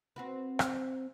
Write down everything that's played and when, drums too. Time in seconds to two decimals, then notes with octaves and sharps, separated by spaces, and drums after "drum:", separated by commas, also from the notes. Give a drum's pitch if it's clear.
0.16 C4 F#4 B4
0.59 drum: rim click